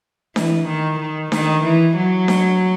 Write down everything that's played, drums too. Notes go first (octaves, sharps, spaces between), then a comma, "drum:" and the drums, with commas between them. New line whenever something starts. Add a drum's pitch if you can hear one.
E3, drum: snare D4
D#3
D#3
D#3, drum: snare D4
E3
F#3
drum: snare D4